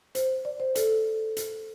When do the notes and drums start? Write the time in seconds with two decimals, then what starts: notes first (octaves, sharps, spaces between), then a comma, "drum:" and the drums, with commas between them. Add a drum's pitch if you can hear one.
0.15 C5, drum: hi-hat
0.45 D5
0.60 C5
0.75 A4, drum: hi-hat
1.37 drum: hi-hat